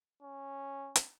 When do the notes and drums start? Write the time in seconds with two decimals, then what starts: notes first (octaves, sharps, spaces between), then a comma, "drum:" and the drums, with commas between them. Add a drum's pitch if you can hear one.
0.22 C#4
0.96 drum: hi-hat